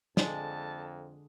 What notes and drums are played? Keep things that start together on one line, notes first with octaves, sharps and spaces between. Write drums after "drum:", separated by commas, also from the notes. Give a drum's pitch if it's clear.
F2 D3 G#3 A5, drum: snare